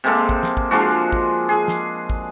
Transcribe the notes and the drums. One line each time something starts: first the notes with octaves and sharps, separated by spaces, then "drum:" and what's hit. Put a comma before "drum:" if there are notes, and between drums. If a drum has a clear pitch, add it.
C3 G#3 A#3 A4
drum: kick
drum: snare
drum: kick
F3 G#3 D4 F#4
drum: kick
G#4
drum: snare
drum: kick